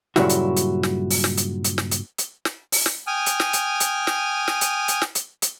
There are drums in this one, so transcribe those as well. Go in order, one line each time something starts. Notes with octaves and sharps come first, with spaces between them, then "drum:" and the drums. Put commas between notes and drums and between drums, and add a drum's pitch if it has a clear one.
G2 A#2 C#3 F#3 E4 F#4, drum: snare
drum: hi-hat
drum: hi-hat
drum: snare
drum: open hi-hat
drum: snare
drum: hi-hat
drum: hi-hat
drum: snare
drum: hi-hat
drum: hi-hat
drum: snare
drum: open hi-hat
drum: snare
G5 G#5 D#6 F6
drum: hi-hat
drum: snare
drum: hi-hat
drum: hi-hat
drum: snare
drum: snare
drum: hi-hat
drum: hi-hat
drum: snare
drum: hi-hat
drum: hi-hat